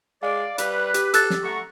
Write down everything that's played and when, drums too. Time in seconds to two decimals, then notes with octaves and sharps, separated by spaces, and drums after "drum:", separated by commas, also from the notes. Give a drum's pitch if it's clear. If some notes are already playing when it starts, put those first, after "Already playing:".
0.23 G#3 D5 F5
0.58 G3 B4, drum: hi-hat
0.94 G4, drum: hi-hat
1.14 A4 E6 F#6 A6, drum: hi-hat
1.30 drum: snare
1.43 A3 F#5 A#5 C#6